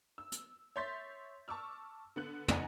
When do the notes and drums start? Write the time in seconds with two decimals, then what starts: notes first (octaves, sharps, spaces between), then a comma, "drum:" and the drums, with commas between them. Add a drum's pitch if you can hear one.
0.18 E6
0.32 drum: hi-hat
0.76 C#5 E5 C6 G6 A6 B6
1.48 A5 C#6 D6 E6 F6
2.16 D3 B3 F#6
2.48 D4 D5 D#5 F#5 G#5 A#5, drum: tom